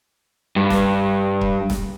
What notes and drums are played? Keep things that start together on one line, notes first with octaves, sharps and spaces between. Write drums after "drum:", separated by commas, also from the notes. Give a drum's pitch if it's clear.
G2
drum: snare
drum: kick C#1
drum: snare